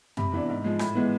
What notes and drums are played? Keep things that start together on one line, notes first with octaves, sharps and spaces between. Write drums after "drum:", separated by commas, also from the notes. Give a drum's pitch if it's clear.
C3 B5, drum: tom F#2
E3 B3 D4
G#2
F3 G#3
A2 B5, drum: rim click
E3 G#3 B3